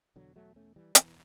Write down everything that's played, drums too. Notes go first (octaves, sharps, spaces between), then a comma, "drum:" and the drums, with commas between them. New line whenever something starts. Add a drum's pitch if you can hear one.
E2 B2 D3 F#3
F#3 A3
A3 C#4
E3 G3
E2 B2 E3, drum: hi-hat